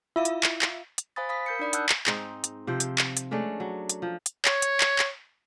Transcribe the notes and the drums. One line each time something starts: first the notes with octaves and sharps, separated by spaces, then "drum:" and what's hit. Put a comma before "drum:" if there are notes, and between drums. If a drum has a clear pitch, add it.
E4 F4 E5 F5
drum: hi-hat
drum: clap
drum: clap
drum: hi-hat
C5 F5 G#5 B5 D#6 A6
F5 B5 D#6 B6
A#4 G6 C#7
D4 D#4 D5 B5 D#6
F#5 A5 D#6 E6 F#6 G6, drum: hi-hat
drum: clap
G#2 C4 D#4, drum: clap
drum: hi-hat
C3 F3 C5 G5
drum: hi-hat
drum: clap
drum: hi-hat
G#3 A3 C#4 D4
F#3
drum: hi-hat
F3
drum: hi-hat
C#5, drum: clap
drum: hi-hat
drum: clap
drum: clap